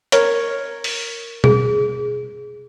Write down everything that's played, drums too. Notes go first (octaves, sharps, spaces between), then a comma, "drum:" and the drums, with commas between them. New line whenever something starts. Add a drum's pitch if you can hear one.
A#4 C#5, drum: hi-hat
drum: open hi-hat
G#4, drum: tom B2